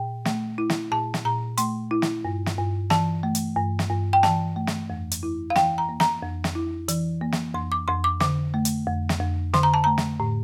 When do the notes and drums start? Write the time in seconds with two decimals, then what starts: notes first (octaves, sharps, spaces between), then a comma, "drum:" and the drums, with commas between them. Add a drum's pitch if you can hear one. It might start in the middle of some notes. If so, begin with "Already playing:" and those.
Already playing: A#2 G5
0.25 A3, drum: snare
0.58 E4
0.70 drum: snare
0.92 A#2 A5
1.14 drum: snare
1.25 A#2 A#5
1.58 A3 C6, drum: hi-hat
1.91 E4
2.02 drum: snare
2.25 G2
2.46 drum: snare
2.58 G2
2.90 E3 A5, drum: snare
3.23 A3
3.35 drum: hi-hat
3.57 G2
3.79 drum: snare
3.90 G2
4.13 G5
4.23 E3 A5, drum: snare
4.56 A3
4.67 drum: snare
4.90 F2
5.11 drum: hi-hat
5.23 E4
5.50 F5
5.55 E3 G5, drum: snare
5.78 A#5
5.89 A#3
6.00 A#5, drum: snare
6.22 F2
6.44 drum: snare
6.55 E4
6.88 E3, drum: hi-hat
7.21 A#3
7.32 drum: snare
7.55 F2 C6
7.72 D6
7.88 F2 C6
8.04 D6
8.20 D3 D6, drum: snare
8.54 A3
8.65 drum: hi-hat
8.87 F2
9.09 drum: snare
9.20 F2
9.54 D3 C6, drum: snare
9.63 A#5
9.74 A5
9.84 A3 A#5
9.98 drum: snare
10.20 A2